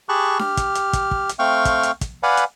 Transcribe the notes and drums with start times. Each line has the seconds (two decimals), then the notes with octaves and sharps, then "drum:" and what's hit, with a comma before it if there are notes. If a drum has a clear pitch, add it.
0.09 G4 G#4 A5 B5 C#6 F#6
0.39 G4 F6, drum: snare D4
0.57 drum: kick, hi-hat
0.75 drum: hi-hat
0.93 drum: kick, hi-hat
1.11 drum: kick
1.29 drum: hi-hat
1.39 A3 C4 F5 G5 C#6 F6
1.65 drum: kick, hi-hat
1.83 drum: hi-hat
2.01 drum: kick, hi-hat
2.23 B4 D5 F5 F#5 G#5 B5
2.37 drum: hi-hat